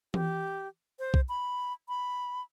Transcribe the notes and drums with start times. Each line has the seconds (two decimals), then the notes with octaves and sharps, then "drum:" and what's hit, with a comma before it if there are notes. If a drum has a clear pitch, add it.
0.14 G4, drum: tom E3
0.99 C5
1.14 drum: kick
1.29 B5
1.88 B5